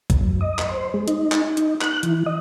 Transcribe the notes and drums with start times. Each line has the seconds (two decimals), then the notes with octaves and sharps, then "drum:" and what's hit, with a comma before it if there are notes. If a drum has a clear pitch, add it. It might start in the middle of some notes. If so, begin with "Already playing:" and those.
0.10 drum: kick B1, hi-hat
0.21 F#2
0.41 D#5
0.59 drum: clap
0.69 C5
0.94 G#3
1.08 D#4, drum: hi-hat
1.32 drum: clap
1.57 D#4, drum: hi-hat
1.81 F#6, drum: clap
2.03 E3, drum: hi-hat
2.26 D#5